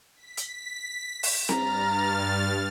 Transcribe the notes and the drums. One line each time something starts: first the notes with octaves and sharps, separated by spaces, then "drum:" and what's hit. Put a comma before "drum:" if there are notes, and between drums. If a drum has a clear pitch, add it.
B6
drum: hi-hat
drum: open hi-hat
G2 A#5 F6 A6, drum: snare C4